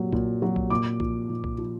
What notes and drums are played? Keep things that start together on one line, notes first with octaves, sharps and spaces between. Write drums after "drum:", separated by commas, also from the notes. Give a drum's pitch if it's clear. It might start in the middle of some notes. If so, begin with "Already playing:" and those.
Already playing: A#2 F#3
A#2, drum: kick B1
F#3
drum: kick B1
A#2 D6
F3, drum: kick B1
A#2
drum: kick B1
F3